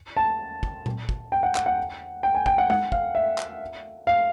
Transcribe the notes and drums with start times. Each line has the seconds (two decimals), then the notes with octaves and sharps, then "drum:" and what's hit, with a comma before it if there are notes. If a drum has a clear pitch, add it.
0.17 A5
0.63 drum: kick
0.86 drum: tom A#2
1.09 drum: kick
1.32 G5
1.43 F#5
1.55 F#5, drum: clap
1.66 F#5
2.23 G5
2.35 G#5
2.46 G5, drum: kick
2.58 F#5
2.70 F#5, drum: tom G#3
2.92 F5, drum: kick
3.15 E5
3.38 drum: clap
4.07 F5